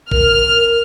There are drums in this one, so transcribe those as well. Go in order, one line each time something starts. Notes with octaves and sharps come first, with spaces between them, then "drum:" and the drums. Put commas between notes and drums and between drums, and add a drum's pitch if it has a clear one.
A#4 F6, drum: kick A1